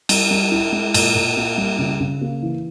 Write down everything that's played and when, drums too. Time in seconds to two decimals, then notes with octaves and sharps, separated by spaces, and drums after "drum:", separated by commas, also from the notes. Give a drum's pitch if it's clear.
0.09 G3, drum: cymbal
0.31 G3
0.51 E4
0.72 G#3
0.94 A#2, drum: cymbal
1.15 A#2
1.37 A#3
1.58 G3
1.79 C#3
2.00 C#3
2.21 A#3
2.42 E3